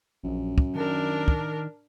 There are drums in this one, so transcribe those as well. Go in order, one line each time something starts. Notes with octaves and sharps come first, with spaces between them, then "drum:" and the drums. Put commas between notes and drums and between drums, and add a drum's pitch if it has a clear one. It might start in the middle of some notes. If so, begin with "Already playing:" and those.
A#1 F#2
drum: kick
D#3 D4 A#4
drum: kick